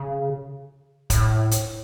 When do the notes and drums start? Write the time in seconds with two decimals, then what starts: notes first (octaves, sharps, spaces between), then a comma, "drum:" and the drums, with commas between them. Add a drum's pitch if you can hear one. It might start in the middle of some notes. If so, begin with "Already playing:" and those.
Already playing: C#3
1.10 A2, drum: kick, hi-hat
1.51 drum: hi-hat